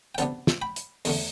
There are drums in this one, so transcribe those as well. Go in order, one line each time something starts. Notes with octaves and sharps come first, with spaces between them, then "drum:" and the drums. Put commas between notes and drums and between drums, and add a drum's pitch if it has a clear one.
G5
D2 C3 G3 B3 D4 F#5 A5, drum: hi-hat
drum: snare
G5 B5
drum: hi-hat
E2 D3 A3, drum: open hi-hat